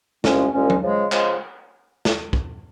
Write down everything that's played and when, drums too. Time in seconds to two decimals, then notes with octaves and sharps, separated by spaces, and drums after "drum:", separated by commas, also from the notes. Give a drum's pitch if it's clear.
0.24 C2 A#2 F3 G#3 C#4, drum: snare
0.53 C2 A#2 F3 G#3 C#4
0.70 drum: tom F#3
0.83 C#3 F3 G#3
1.12 C#3 F3 G#3, drum: clap
2.05 drum: snare
2.33 drum: kick